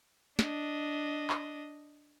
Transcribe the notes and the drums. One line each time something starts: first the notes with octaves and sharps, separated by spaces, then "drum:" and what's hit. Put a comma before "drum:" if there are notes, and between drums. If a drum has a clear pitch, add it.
D4 D#5, drum: snare
drum: clap